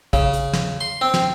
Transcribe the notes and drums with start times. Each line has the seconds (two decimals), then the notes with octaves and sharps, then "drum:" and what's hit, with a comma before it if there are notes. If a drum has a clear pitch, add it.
0.13 C#3, drum: kick, hi-hat
0.33 drum: hi-hat
0.53 drum: snare
0.81 C6
1.01 C4
1.14 drum: snare